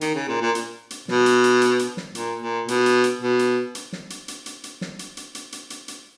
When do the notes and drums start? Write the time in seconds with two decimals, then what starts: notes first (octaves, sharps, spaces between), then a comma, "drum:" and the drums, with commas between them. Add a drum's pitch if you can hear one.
0.01 D#3, drum: hi-hat
0.15 C#3
0.28 A#2
0.42 A#2
0.55 drum: hi-hat
0.90 drum: hi-hat
1.08 B2, drum: snare
1.26 drum: hi-hat
1.44 drum: hi-hat
1.62 drum: hi-hat
1.79 drum: hi-hat
1.97 drum: snare
2.15 A#2, drum: hi-hat
2.41 A#2
2.68 B2, drum: hi-hat
2.86 drum: hi-hat
3.04 drum: hi-hat
3.21 B2
3.39 drum: hi-hat
3.75 drum: hi-hat
3.93 drum: snare
4.10 drum: hi-hat
4.28 drum: hi-hat
4.46 drum: hi-hat
4.64 drum: hi-hat
4.81 drum: snare
4.99 drum: hi-hat
5.17 drum: hi-hat
5.35 drum: hi-hat
5.52 drum: hi-hat
5.70 drum: hi-hat
5.88 drum: hi-hat